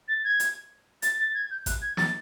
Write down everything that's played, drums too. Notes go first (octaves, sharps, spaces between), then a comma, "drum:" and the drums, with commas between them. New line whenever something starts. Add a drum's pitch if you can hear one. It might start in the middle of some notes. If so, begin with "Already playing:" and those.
A6
G#6
drum: hi-hat
A6, drum: hi-hat
A6
G#6
G6
F#6, drum: kick A1, hi-hat
G#6
A6, drum: snare